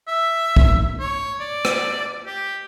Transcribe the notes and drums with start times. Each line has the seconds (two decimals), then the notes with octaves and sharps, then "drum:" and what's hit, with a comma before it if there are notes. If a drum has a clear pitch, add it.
0.08 E5
0.56 drum: kick
1.00 C#5
1.40 D5
1.65 drum: rim click
2.26 G4